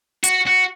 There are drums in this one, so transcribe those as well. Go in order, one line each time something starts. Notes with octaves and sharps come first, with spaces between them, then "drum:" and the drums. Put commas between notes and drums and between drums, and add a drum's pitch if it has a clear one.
F#4, drum: hi-hat
F#4